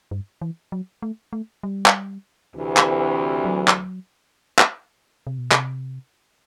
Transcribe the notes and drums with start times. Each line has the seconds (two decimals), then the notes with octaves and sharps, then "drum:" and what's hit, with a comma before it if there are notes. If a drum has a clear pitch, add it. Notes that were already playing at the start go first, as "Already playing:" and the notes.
0.11 G2
0.42 E3
0.72 F#3
1.02 A3
1.33 A3
1.63 G3
1.86 drum: clap
2.54 D2 C3 E3
2.77 drum: clap
3.45 F#3
3.68 drum: clap
4.59 drum: clap
5.27 C3
5.38 B2
5.51 C3, drum: clap